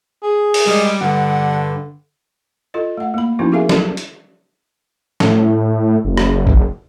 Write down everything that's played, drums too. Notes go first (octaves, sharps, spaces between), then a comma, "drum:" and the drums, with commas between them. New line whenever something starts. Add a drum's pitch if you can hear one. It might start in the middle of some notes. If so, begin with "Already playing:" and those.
G#4
drum: open hi-hat
G3 G#3
G2 D3 F#5
F4 A4 D#5
A3 F#5
A#3 B5
F3 B3 C#4 D#4 E4 F#4
G4 G#4 A#4 E5 F5 G#5
F#3 A4, drum: snare
drum: hi-hat
A2, drum: snare
F#1
drum: rim click
drum: kick